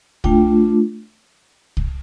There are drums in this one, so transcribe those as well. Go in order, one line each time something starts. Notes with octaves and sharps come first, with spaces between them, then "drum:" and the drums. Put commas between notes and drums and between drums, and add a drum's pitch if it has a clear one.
A3 D4 F4 G5, drum: kick C2
drum: kick C2